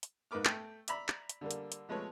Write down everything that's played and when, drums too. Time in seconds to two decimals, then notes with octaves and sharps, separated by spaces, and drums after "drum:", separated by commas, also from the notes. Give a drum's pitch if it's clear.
0.03 drum: hi-hat
0.31 G#2 A#3 B4 D6 F6
0.45 A3 G5, drum: clap
0.88 D5 E5 A#5 B5, drum: hi-hat
1.08 drum: clap
1.29 drum: hi-hat
1.41 D3 G3 A#3
1.51 drum: hi-hat
1.72 drum: hi-hat
1.89 F3 G#3 A3 B4 C#5